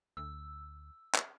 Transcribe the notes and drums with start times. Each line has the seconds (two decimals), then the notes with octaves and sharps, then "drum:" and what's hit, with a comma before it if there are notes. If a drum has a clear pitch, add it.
0.17 D2 E6
1.15 drum: clap